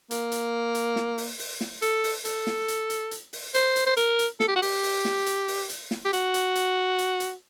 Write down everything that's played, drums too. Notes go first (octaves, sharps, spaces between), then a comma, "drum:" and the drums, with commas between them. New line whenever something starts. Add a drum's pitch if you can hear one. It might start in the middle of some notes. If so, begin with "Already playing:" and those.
A#3, drum: hi-hat
drum: hi-hat
drum: hi-hat
drum: snare
drum: open hi-hat
drum: open hi-hat
drum: snare
A4, drum: hi-hat
drum: open hi-hat
A4, drum: hi-hat
drum: snare
drum: hi-hat
drum: hi-hat
drum: hi-hat
drum: open hi-hat
C5, drum: hi-hat
drum: hi-hat
C5
A#4, drum: hi-hat
drum: hi-hat
A4, drum: snare
G4
F#4
G4, drum: open hi-hat
drum: open hi-hat
drum: snare
drum: hi-hat
drum: open hi-hat
drum: hi-hat
drum: snare
G4
F#4, drum: hi-hat
drum: hi-hat
drum: hi-hat
drum: hi-hat
drum: hi-hat